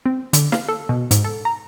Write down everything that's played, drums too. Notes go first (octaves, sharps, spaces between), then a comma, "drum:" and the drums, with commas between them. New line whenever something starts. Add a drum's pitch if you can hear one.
C4
D3, drum: hi-hat
F5, drum: snare
A4
B2
G#2, drum: hi-hat
A4
A#5